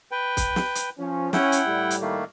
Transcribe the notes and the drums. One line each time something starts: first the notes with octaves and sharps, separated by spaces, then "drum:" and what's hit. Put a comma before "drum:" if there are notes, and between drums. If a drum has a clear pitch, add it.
B4 G5
drum: kick, hi-hat
drum: snare
drum: hi-hat
F3 C#4
C#4 E4 F#5 G5, drum: snare
drum: hi-hat
A2 G3
drum: hi-hat
D#3 A3 A#3